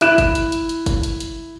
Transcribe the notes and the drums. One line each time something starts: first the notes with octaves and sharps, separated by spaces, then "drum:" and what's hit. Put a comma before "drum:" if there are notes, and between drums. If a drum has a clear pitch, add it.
E4 F#6 E7, drum: hi-hat
drum: kick G1, hi-hat
drum: hi-hat
drum: hi-hat
drum: hi-hat
drum: kick G1, hi-hat
drum: hi-hat
drum: hi-hat